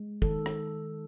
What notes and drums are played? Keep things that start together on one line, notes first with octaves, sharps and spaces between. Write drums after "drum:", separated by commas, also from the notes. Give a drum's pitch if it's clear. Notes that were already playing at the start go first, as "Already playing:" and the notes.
Already playing: G#3
D#3 A4, drum: kick
drum: rim click